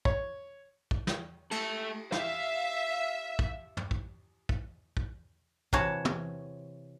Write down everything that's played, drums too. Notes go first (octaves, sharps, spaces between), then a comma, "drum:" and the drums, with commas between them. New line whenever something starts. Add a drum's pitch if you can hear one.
C#5, drum: kick
drum: kick
drum: snare
A3 A4, drum: cymbal
E5 F5, drum: snare
drum: kick
drum: tom
drum: kick
drum: kick
drum: kick
C3 E3 F#4 C#5 A5, drum: kick
drum: tom